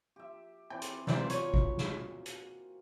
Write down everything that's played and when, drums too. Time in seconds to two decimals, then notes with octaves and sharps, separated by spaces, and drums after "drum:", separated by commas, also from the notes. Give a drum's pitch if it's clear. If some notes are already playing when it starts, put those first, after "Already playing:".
0.16 G4 E5
0.70 E3 C4 D5 G5
0.82 drum: hi-hat
1.07 C3 E3 F#3 A#3 C4 F4 F#4 D5, drum: snare
1.30 C#5, drum: hi-hat
1.54 drum: kick G#1
1.78 drum: snare
2.26 drum: hi-hat